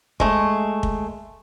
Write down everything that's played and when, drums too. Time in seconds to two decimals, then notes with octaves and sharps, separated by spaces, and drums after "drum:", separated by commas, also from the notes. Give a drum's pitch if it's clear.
0.20 G#3 A3, drum: kick
0.83 drum: kick